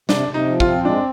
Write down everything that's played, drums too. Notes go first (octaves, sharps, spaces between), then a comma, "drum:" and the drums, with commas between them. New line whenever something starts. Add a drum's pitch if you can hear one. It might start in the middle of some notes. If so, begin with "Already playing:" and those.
C3 D4, drum: snare
C3
D#4
F3
F4, drum: kick
C4
G#3 D4